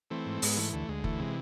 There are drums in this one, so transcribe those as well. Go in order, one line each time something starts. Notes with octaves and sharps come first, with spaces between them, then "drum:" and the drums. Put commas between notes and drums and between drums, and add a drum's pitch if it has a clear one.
E3 A3 C4
G#2
G#2 G#3 B3, drum: open hi-hat
E3 A3
D2 A3
D2 G#3
E3 A3, drum: kick F1
C3 G#3